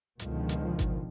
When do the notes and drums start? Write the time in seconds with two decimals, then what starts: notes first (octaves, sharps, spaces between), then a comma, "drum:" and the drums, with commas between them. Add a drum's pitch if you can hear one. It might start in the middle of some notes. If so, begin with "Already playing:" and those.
0.19 C#2 B2 D3 D#3 F3, drum: hi-hat
0.49 drum: hi-hat
0.79 drum: kick G#1, hi-hat